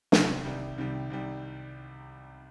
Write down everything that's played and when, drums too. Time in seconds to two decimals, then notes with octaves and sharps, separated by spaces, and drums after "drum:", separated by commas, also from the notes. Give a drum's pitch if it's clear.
0.12 C2 C3 D#3 G3, drum: snare
0.44 C2 C3 D#3 G3
0.78 C2 C3 D#3 G3
1.10 C2 C3 D#3 G3